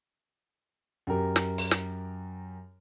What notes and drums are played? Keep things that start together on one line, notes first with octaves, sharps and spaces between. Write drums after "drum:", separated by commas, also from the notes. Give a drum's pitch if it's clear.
F#2 G4 A#4
drum: snare
drum: open hi-hat
drum: snare